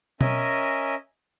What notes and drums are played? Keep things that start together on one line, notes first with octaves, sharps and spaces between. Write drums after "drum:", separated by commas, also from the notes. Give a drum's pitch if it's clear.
C#4 A#4 D#5 E5 G#5, drum: tom B2